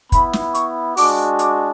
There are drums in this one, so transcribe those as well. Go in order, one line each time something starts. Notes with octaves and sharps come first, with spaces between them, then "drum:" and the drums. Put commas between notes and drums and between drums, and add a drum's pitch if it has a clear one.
B3 E4 B5, drum: kick, hi-hat
drum: snare
C#6, drum: hi-hat
G#3 D4 F#4 D6, drum: open hi-hat
D6, drum: hi-hat